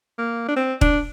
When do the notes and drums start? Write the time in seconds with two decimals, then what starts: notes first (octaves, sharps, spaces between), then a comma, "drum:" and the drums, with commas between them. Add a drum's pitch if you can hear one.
0.18 A#3
0.48 D4
0.56 C4
0.81 D4, drum: kick